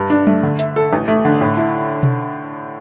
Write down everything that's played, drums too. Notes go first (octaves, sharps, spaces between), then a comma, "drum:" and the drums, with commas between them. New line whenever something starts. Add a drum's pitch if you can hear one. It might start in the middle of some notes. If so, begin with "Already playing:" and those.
Already playing: G2
D4
A3, drum: tom F#3
D3
E5, drum: hi-hat
A4
A1
A3
D3
A2
E4
drum: tom B2